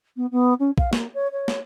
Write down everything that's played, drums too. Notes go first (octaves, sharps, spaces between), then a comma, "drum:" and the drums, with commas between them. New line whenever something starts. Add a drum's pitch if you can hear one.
B3
B3
C#4
F5, drum: kick A#1
A#3, drum: snare
C#5
C#5
drum: snare